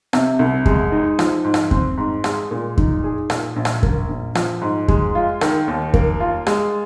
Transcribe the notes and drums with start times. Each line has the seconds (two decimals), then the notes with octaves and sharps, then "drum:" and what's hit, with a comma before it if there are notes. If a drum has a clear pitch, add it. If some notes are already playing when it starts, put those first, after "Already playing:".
0.13 C3, drum: rim click
0.39 C2
0.66 G#3, drum: kick F2
0.92 D#4
1.19 F3, drum: rim click
1.44 G#2
1.54 drum: rim click
1.71 C4, drum: kick F2
1.98 G#2
2.24 G#3, drum: rim click
2.51 A#2
2.78 D#4, drum: kick F2
3.04 G#4
3.30 A#2, drum: rim click
3.56 A#1
3.65 drum: rim click
3.83 A#3, drum: kick F2
4.09 A#1
4.35 F3, drum: rim click
4.62 G#2
4.88 G#3, drum: kick F2
5.15 F4
5.41 D#3, drum: rim click
5.68 D#2
5.94 A#3, drum: kick F2
6.20 F4
6.47 G#3, drum: rim click